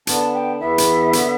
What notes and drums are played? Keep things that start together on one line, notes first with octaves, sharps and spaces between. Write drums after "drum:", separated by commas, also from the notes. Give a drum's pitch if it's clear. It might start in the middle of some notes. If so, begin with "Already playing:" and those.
D3 B3 D4 A5, drum: hi-hat
G5
E2 E3 B3 E4 E5
drum: hi-hat
D3 B3, drum: hi-hat